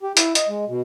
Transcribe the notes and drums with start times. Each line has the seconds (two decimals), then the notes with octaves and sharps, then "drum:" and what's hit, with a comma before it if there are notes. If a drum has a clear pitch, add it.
0.03 G4
0.17 E4, drum: hi-hat
0.35 D#5, drum: hi-hat
0.49 G#3
0.68 B2